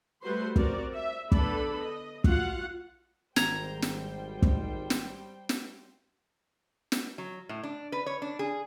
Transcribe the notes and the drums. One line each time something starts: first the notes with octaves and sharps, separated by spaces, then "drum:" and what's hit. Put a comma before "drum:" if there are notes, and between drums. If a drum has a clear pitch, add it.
G3 A3 F#4 B4 C5 C6
C4 F#4 A#4 D5, drum: kick
E5
D3 B3 A4 B4 D5 B5, drum: kick
D#5
F4 F#4 F5 F#5, drum: kick
G#1 G3 C5 G5 A#5 G#6, drum: snare
drum: snare
drum: kick
drum: snare
drum: snare
drum: snare
F#3
A2
D4
B4
C#5
D4
G#4